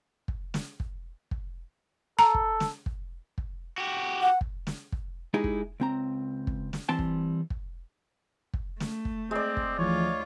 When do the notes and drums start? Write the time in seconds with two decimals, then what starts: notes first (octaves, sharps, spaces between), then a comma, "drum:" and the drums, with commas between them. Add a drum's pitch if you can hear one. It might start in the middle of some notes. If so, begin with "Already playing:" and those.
0.28 drum: kick
0.54 drum: snare
0.80 drum: kick
1.31 drum: kick
2.19 A4 A#5
2.34 drum: kick
2.60 drum: snare
2.86 drum: kick
3.38 drum: kick
3.78 F#4 G4
4.22 F#5
4.41 drum: kick
4.67 drum: snare
4.92 drum: kick
5.34 G#3 D#4 E4 G4 G#4
5.44 drum: kick
5.80 C#2 C4 A#5
6.47 drum: kick
6.73 drum: snare
6.89 E3 G3 C4 A5 C6
6.99 drum: kick
7.50 drum: kick
8.54 drum: kick
8.80 A3, drum: snare
9.05 drum: kick
9.31 G#3 C4 D5
9.57 drum: kick
9.79 D2 E3 F3 F4 C#5